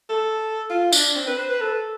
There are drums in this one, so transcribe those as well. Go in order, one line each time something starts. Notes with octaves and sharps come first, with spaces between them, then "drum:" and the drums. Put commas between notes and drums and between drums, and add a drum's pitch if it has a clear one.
A4
F4
D4, drum: tambourine
C4
B4
C5
B4
A4